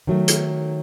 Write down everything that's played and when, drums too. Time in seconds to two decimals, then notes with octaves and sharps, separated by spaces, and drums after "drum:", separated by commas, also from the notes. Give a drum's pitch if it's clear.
0.07 D#3 F#3 A3
0.28 drum: hi-hat